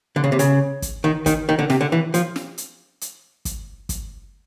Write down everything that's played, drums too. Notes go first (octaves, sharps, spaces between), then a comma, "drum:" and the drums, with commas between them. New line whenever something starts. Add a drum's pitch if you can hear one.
D3
C#3
C3
C#3, drum: hi-hat
drum: kick, hi-hat
D#3
D#3, drum: kick, hi-hat
D#3
D3
C3, drum: snare
D3
E3
F3, drum: hi-hat
drum: snare
drum: hi-hat
drum: hi-hat
drum: kick, hi-hat
drum: kick, hi-hat